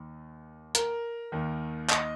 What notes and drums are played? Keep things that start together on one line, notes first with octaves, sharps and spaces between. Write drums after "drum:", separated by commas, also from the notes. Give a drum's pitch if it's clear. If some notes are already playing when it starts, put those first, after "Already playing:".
Already playing: D#2 D#3
A#4, drum: hi-hat
D#2 D#3
D#5, drum: clap